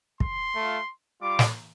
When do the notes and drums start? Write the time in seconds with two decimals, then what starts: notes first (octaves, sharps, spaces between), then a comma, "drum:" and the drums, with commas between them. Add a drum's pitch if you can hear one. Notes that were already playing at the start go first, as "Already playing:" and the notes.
0.20 C6, drum: kick
0.54 A3 F4
1.20 G3 F4 D6
1.39 drum: snare